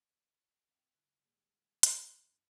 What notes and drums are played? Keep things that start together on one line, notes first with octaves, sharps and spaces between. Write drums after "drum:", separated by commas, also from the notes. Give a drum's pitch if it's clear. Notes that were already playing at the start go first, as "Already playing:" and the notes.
C4 F5 G5
C#3 F#3 E4 F#6
A#2 D#3 G3 G#3
F#2, drum: hi-hat
D3 C4 D#4